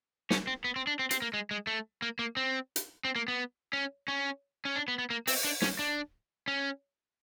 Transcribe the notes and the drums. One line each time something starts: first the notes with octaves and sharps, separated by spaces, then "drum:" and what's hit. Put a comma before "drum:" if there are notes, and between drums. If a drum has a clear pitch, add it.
C#4, drum: snare
C4
B3
C4
D4
C4
C4, drum: hi-hat
A#3
G#3
G#3
A3
A#3
A#3
C4
drum: hi-hat
C4
A#3
B3
C#4
C#4
C#4
D4
B3
B3
A#3
C4, drum: open hi-hat
D4
C#4, drum: snare
D4
C#4